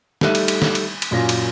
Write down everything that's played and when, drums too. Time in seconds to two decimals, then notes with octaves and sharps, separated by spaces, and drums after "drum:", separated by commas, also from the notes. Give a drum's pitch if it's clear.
0.21 G3 A3 D#4 E5 F#6 D#7, drum: snare
0.35 drum: cymbal
0.48 drum: cymbal
0.62 drum: snare
0.75 drum: cymbal
1.02 drum: cymbal
1.11 F#2 A#2 C#4 F4 A#6
1.29 drum: cymbal